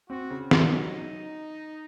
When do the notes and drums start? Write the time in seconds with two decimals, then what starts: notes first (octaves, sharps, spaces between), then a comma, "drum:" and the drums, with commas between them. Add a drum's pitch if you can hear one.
0.09 C4 F#4
0.30 C#3
0.51 C#3 D#4, drum: snare
0.73 F#3